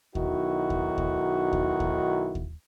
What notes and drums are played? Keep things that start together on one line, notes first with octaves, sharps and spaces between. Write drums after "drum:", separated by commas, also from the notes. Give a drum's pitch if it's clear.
B1 D#3 E4 F#4, drum: kick D#2
drum: kick D#2
drum: kick D#2
drum: kick D#2
drum: kick D#2
drum: kick D#2